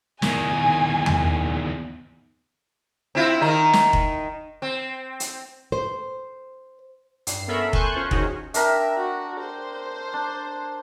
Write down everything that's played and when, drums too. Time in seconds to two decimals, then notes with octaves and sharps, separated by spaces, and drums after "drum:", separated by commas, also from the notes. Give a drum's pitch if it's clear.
0.22 E2 D#3 G#5, drum: snare
1.06 drum: tom E2
3.15 C4 E4 F4
3.42 D#3 D#4
3.73 drum: snare
3.93 drum: kick F1
4.62 C4
5.20 drum: hi-hat
5.72 C5
7.27 G2 C7, drum: hi-hat
7.47 B3 C#4 A4 A#4 E5 B5
7.73 G#5 A5 C6 C#6 F#6 G6, drum: kick F1
7.96 C#4 F4 C5
8.11 D#3 C#4 D#4 F#4 G#4, drum: kick F1
8.54 D4 A#4 E5 G5, drum: hi-hat
8.97 F#4
9.40 C5
10.14 D4